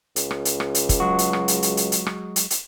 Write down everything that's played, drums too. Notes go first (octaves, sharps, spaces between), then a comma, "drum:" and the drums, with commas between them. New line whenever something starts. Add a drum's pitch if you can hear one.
C#2, drum: hi-hat
drum: rim click
drum: hi-hat
drum: rim click
drum: hi-hat
drum: kick, hi-hat
F#3 G#3 F#4
drum: hi-hat
drum: rim click
drum: hi-hat
drum: hi-hat
drum: hi-hat
drum: hi-hat
drum: rim click
drum: hi-hat
drum: hi-hat